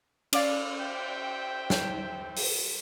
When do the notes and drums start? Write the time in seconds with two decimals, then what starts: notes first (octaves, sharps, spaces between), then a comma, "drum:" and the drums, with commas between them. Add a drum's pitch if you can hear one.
0.33 C#4 D5 F5, drum: cymbal
0.79 C5 E5 G5
1.70 drum: snare
2.36 drum: open hi-hat